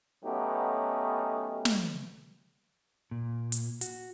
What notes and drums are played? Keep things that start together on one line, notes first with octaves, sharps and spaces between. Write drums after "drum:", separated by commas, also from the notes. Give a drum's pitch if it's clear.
F#3 A3 B3 C#4 D#4 G4
drum: snare
A#2
drum: hi-hat
F#4, drum: hi-hat